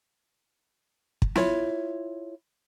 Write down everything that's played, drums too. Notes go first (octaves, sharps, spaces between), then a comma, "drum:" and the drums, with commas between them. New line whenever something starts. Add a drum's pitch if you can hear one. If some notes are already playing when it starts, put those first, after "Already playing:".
drum: kick
E4 F4 C#5, drum: snare